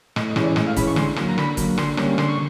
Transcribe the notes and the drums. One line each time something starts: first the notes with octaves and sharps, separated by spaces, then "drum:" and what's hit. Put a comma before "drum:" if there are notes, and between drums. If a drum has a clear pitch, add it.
A2 D#5, drum: rim click
D#5
E3 G#3 C#4, drum: rim click
D5
A2 D#5, drum: rim click
F5
E3 G#3 C#4 B5, drum: kick, hi-hat
C#6
D3 C6, drum: rim click
F#3 A#3, drum: rim click
A#5
D3 B5, drum: rim click
F#3 A#3, drum: kick, hi-hat
D3 C6, drum: rim click
G3 A#3 C#4, drum: rim click
D3 C6, drum: rim click
C#6